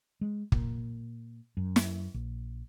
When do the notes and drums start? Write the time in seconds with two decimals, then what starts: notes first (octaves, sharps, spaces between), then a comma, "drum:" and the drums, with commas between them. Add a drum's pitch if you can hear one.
0.21 G#3
0.52 A#2, drum: kick
1.57 F#2
1.76 drum: snare
2.14 A#1